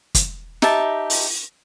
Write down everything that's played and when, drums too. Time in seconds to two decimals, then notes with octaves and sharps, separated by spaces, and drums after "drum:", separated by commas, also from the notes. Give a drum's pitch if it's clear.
0.15 drum: kick, hi-hat
0.62 D#4 G4 E5 A5, drum: snare
1.10 drum: open hi-hat